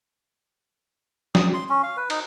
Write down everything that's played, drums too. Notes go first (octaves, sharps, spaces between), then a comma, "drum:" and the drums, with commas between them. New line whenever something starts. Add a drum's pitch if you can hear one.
D#6, drum: snare
C6
C#4
F5
B4
D#4, drum: cymbal